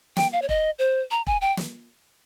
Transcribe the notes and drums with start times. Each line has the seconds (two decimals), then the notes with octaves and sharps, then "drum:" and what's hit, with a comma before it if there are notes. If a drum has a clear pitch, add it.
0.17 G5, drum: snare
0.32 F5
0.42 C#5
0.49 D#5, drum: kick E1
0.79 C5
1.11 A#5
1.27 G#5, drum: kick E1
1.41 G5
1.57 drum: snare